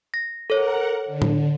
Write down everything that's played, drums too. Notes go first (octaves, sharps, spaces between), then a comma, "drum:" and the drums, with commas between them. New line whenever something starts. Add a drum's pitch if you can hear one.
A#6
A4 A#4 C#5 F#5
D3
drum: tom A2